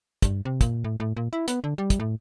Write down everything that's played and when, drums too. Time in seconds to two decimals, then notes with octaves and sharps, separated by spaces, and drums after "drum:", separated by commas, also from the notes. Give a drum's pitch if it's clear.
0.22 G2, drum: kick, hi-hat
0.45 C3
0.61 A#2, drum: kick, hi-hat
0.84 A2
1.00 A2
1.17 A#2
1.33 E4
1.48 B3, drum: hi-hat
1.64 D3
1.78 G3
1.90 drum: kick, hi-hat
2.00 A2